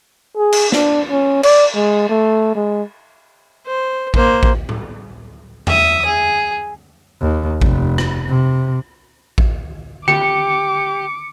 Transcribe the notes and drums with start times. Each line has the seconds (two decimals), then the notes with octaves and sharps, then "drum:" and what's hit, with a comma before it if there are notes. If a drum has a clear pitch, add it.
0.37 G#4
0.52 drum: cymbal
0.72 D4, drum: snare
1.11 C#4
1.43 D5, drum: cymbal
1.75 G#3
2.09 A3
2.55 G#3
3.66 C5
4.14 A#3 C5, drum: kick A1
4.43 drum: kick A1
4.69 drum: tom A2
5.67 E5 D#6, drum: tom E2
6.05 G#4
7.21 D#2
7.61 F1, drum: kick A1
7.98 drum: rim click
8.29 C3
9.38 drum: kick A1
10.08 G4 D6 C#7, drum: tom D3